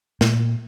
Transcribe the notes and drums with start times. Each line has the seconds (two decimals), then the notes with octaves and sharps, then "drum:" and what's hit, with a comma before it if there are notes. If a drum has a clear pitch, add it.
0.21 A#2, drum: snare